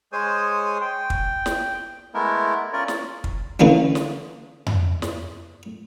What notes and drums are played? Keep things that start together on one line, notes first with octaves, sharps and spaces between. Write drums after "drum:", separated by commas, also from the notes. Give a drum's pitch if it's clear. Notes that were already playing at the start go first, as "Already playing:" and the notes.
G#3 G#4 C5 C#5 G#5 D#6
G5
drum: kick
drum: snare
G#3 A3 B3 E4 A#4
C#4 F4 A#4 C#5 D5
drum: snare
drum: kick
D3 E3 A#3 C#4 D4
drum: snare
drum: tom F2
drum: snare